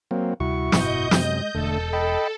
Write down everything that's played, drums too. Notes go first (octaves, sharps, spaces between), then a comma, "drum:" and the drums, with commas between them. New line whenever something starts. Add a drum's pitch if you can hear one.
F#3 A#3 C4
D2 C3 G3 E4 F#4 C#6
F#1 G#2 B2 D#5 G6, drum: snare
F#2 C3 G#3, drum: snare
E1 D3 A3 A4
D#5 G5 B5